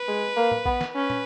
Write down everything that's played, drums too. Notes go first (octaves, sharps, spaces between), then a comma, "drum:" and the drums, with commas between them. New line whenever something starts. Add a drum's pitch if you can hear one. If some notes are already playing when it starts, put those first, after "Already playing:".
Already playing: B4
G#3
A#3
drum: tom
B3, drum: kick A1
drum: snare
C#4 B4
drum: tom